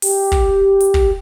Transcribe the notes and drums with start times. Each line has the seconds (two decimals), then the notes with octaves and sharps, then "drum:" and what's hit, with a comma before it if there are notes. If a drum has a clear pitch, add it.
0.02 G4, drum: open hi-hat
0.32 drum: kick
0.80 drum: hi-hat
0.94 drum: kick